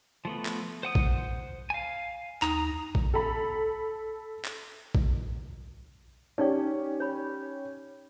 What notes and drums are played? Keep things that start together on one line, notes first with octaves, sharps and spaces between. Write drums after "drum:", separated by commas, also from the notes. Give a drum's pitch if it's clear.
F3 A3 B3
drum: clap
C5 F#5 D#6
drum: kick A#1
F5 G#5
D#2 A#5 D#6, drum: clap
drum: kick A#1
A4 B5
drum: clap
drum: kick A#1
C#4 D#4 G4 D5 C#6
C#5 B5